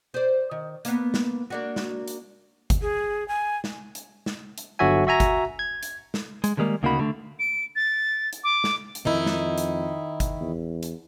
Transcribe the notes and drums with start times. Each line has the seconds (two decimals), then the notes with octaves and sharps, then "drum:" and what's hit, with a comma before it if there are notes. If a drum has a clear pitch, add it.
0.14 C5 D5
0.51 D#3
0.85 A#3 B3, drum: hi-hat
1.14 drum: snare
1.50 A#3 D4 F#4
1.76 drum: snare
2.08 drum: hi-hat
2.70 drum: kick G1, hi-hat
2.82 G#4
3.28 G#5
3.64 drum: snare
3.95 drum: hi-hat
4.26 drum: snare
4.58 drum: hi-hat
4.79 G1 D3 F#3 F#4 E5 G#5
5.07 F#4 E5 G#5 A#5
5.20 drum: kick G1, hi-hat
5.59 G#6
5.83 drum: hi-hat
6.14 drum: snare
6.44 G#3, drum: hi-hat
6.57 D3 D#3 G3 G#3 A#3
6.83 D2 C#3 A#3 D#4 F#4 B5
6.99 D3 A3
7.39 D7
7.76 A6
8.33 drum: hi-hat
8.44 D6
8.64 drum: snare
8.95 drum: hi-hat
9.05 F2 D#3 D#4 E4
9.26 drum: snare
9.58 drum: hi-hat
10.20 drum: kick G1, hi-hat
10.41 E2
10.83 drum: hi-hat